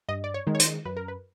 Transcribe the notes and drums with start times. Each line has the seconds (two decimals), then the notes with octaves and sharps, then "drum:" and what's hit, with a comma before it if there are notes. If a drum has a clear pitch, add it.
0.08 G2 D#5
0.24 D5
0.34 C#5
0.47 D#3 G#3
0.55 C#5
0.60 C5, drum: hi-hat
0.85 F#2 B4
0.97 A#4
1.08 B4